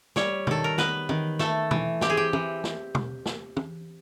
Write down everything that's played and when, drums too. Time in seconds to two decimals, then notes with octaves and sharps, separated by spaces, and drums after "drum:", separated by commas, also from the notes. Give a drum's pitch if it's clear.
0.16 G3 C#5, drum: snare
0.47 D#3 A4, drum: tom B2
0.64 A#4
0.78 B3 B4, drum: snare
1.09 D#3, drum: tom
1.39 A3 A4, drum: snare
1.71 E3, drum: tom B2
2.01 C4 G4, drum: snare
2.10 G#4
2.17 G4
2.33 E3, drum: tom
2.64 drum: snare
2.95 drum: tom B2
3.26 drum: snare
3.57 drum: tom